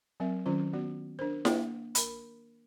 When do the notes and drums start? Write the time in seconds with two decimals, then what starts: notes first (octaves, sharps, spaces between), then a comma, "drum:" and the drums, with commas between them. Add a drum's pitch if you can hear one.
0.20 F#3 C4 A#4 E5
0.46 D#3 F#3 C#4 F4 C5
0.73 B3 F#4 D5
1.19 D4 A#4 C5
1.45 A#3 D4 G5, drum: snare E4
1.95 A#4 B5, drum: hi-hat